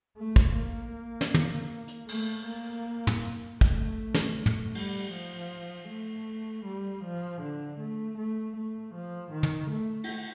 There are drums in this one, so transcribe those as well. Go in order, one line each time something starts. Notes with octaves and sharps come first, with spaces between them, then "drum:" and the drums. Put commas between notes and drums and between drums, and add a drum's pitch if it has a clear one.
A3
drum: kick
A#3
drum: snare
drum: tom
drum: hi-hat
A3, drum: cymbal
A#3
drum: tom
drum: hi-hat
A3, drum: kick
drum: snare
drum: tom
G3, drum: cymbal
F3
A3
G3
F3
D3
A3
A3
A3
F3
D#3
drum: tom
A3
drum: cymbal